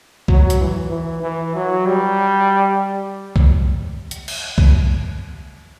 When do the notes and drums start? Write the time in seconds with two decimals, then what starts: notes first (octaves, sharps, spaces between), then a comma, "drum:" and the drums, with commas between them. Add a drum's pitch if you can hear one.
0.28 F#3, drum: kick C2
0.50 drum: hi-hat
0.61 E3
0.91 E3
1.23 E3
1.55 F#3
1.86 G3
3.36 drum: kick C2
4.11 drum: hi-hat
4.28 drum: cymbal
4.58 drum: kick C2